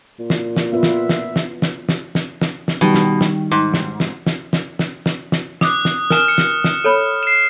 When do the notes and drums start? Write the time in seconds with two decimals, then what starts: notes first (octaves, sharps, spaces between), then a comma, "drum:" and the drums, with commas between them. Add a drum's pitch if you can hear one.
0.19 A#2
0.30 drum: snare
0.56 drum: snare
0.73 B3 F4 B4 E5
0.83 drum: snare
1.09 drum: snare
1.36 drum: snare
1.62 drum: snare
1.89 drum: snare
2.15 drum: snare
2.41 drum: snare
2.68 drum: snare
2.81 B2 D#3 G3
2.94 drum: snare
3.21 drum: snare
3.51 G#2
3.74 drum: snare
4.00 drum: snare
4.26 drum: snare
4.53 drum: snare
4.79 drum: snare
5.06 drum: snare
5.32 drum: snare
5.61 D6 D#6 F#6, drum: snare
5.85 drum: snare
6.10 A#4 G#5 F6 E7, drum: snare
6.28 C#7
6.38 drum: snare
6.64 drum: snare
6.84 A4 C#5 B5
7.23 C7 E7